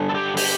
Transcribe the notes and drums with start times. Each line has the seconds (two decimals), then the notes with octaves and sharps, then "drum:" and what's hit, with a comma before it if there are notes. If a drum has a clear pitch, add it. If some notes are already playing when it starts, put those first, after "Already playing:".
Already playing: G2 D3
0.09 A4
0.15 G4
0.37 G4, drum: open hi-hat